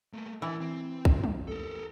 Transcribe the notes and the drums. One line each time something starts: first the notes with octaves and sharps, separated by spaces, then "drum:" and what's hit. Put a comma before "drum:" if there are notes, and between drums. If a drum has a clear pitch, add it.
A3 A#3
E3 A#4 E5
C4
drum: kick
drum: tom
A4 A#4